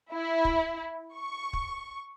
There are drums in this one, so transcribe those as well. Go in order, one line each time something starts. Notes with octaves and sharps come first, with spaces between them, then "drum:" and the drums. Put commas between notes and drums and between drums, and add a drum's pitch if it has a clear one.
E4
drum: kick
C#6
drum: kick